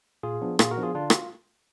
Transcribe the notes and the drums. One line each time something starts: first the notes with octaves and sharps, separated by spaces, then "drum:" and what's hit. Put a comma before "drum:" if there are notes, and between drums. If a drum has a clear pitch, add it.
A#2 F4 G#4
F3 B3 D4
A#2 F4 G#4, drum: rim click
F#4 A#4
F3 B3 D4
F4 G#4
D3 D4 F4
F#4, drum: rim click